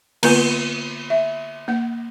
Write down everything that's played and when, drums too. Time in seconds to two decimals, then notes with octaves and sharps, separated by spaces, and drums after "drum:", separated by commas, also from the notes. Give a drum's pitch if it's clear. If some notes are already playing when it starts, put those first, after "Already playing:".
0.23 D3 A#3 B3 F4 B4 G#5, drum: cymbal
1.10 E5
1.68 A#3 F#5